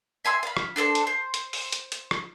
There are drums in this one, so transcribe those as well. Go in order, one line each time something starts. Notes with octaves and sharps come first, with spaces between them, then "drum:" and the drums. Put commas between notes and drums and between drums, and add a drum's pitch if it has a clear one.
E5 G#5 C6 E6
F5 B5
drum: rim click
D4 A4 A#4 C5
drum: hi-hat
C5
drum: hi-hat
drum: open hi-hat
drum: hi-hat
drum: hi-hat
drum: rim click